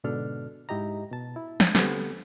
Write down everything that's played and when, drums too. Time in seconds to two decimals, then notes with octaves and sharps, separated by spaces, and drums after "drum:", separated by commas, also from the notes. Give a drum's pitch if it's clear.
0.04 G#2 B2 D3 D4 A4 F6
0.69 G#2 E4 G4 D#5 A#5
1.12 B2 A5
1.36 E4
1.60 drum: snare
1.75 D3 G3 B3 C4 A4, drum: snare